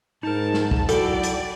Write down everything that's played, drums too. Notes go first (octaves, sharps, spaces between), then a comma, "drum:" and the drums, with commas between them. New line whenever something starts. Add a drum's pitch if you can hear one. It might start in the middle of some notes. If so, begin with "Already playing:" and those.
G#2 D#4 A#4 A5
drum: snare
drum: kick
F#3 E4 F#4 A4 D5 G5, drum: hi-hat
drum: hi-hat